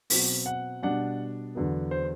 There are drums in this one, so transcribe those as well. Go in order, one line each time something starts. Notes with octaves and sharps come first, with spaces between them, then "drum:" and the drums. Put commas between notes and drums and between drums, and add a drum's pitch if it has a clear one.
B2 F#3 C4, drum: open hi-hat
F#5
B2 G3 D4 F#5
E2 D3 F#3 B3
C5